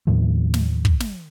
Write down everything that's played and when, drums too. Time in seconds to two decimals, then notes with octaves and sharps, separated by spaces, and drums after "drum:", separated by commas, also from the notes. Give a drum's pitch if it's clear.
0.07 D#2 A2 D#3 F3
0.54 drum: snare
0.85 drum: kick
1.00 drum: snare